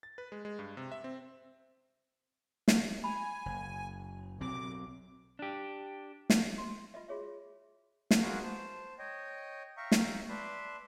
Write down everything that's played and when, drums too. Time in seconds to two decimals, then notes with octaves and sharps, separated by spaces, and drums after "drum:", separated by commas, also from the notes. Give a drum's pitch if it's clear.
0.03 A6
0.18 B4
0.32 G#3
0.45 G#3
0.59 G2
0.77 C3
0.92 E5
1.04 C4
2.68 drum: snare
3.04 G#5 B5
3.46 F#1
4.41 B1 F#3 C4 D6
5.39 D4 G4
6.30 drum: snare
6.58 C6
6.94 F4 B4 D#5 E5
7.08 F4 F#4 G#4 C#5 E5
8.11 drum: snare
8.22 F4 F#4 G#4 A#4 B4
8.43 C5 A5
8.99 C#5 D#5 G5
9.77 E5 F5 G5 A#5 C#6
9.92 drum: snare
10.29 B4 D5 E5 A5 B5 C6